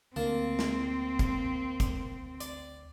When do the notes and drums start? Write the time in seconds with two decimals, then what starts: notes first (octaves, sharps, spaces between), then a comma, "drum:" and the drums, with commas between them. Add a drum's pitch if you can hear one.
0.16 D2 A#3 C4 A5
0.59 drum: snare
1.19 drum: kick, hi-hat
1.80 drum: kick, hi-hat
2.41 D5, drum: hi-hat